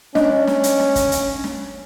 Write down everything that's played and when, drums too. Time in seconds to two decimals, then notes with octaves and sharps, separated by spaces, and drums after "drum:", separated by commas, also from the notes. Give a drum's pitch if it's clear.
0.15 C#4 D4 D#5, drum: snare
0.47 drum: snare
0.63 drum: hi-hat
0.80 drum: snare
0.96 drum: kick, hi-hat
1.12 drum: hi-hat
1.44 drum: snare